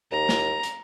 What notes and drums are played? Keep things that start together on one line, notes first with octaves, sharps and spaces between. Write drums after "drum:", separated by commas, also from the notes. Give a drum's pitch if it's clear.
D#2 A#5
drum: snare
drum: hi-hat